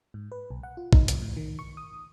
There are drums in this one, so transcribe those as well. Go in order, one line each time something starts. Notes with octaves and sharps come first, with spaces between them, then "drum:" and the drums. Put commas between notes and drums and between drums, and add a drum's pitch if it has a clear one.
G#2
B4
B1
F#5
F4
D#4, drum: kick
F2, drum: hi-hat
A2
D#3
C#6
D#6